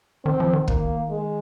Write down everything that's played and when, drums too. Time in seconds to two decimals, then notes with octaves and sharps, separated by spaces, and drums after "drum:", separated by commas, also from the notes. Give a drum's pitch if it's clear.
0.25 D#3 C4
0.40 F3
0.53 D#3
0.68 A#3, drum: kick
1.09 G#3